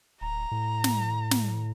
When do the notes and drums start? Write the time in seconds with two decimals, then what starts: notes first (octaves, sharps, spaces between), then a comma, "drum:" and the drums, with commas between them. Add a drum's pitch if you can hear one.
0.21 D1 A#5
0.51 A2
0.84 drum: snare
1.31 drum: snare